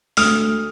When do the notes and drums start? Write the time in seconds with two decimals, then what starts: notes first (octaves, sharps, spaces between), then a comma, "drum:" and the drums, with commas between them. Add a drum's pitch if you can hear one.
0.17 D2 D#6 F6, drum: open hi-hat